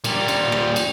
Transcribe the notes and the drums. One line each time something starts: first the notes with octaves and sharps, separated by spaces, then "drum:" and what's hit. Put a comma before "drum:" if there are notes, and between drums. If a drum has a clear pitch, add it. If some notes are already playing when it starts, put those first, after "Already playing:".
A#2 G3, drum: cymbal
drum: cymbal
drum: rim click
drum: cymbal